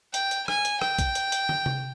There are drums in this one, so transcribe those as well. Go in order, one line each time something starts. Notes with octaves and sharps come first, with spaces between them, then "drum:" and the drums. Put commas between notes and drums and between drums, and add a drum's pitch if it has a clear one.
G5, drum: hi-hat
drum: hi-hat
G#5, drum: rim click
drum: hi-hat
G5, drum: rim click
drum: kick, hi-hat
drum: hi-hat
drum: hi-hat
drum: tom
drum: tom C3